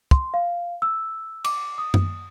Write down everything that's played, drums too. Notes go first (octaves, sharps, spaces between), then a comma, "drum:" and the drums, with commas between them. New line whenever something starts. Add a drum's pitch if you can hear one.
C6, drum: kick
F5
E6
D6, drum: cymbal
D#6
drum: tom F#2